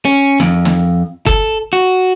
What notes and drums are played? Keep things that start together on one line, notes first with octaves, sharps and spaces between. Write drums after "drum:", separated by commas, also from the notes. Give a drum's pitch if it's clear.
C#4
F2, drum: snare
drum: snare
A4, drum: kick F#1
F#4